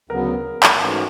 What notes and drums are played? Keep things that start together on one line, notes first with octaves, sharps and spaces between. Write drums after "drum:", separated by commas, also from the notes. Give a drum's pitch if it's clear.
D2 C#3 F#3 B3 A#4
drum: clap
G#2 E3 A3 C#4 F#4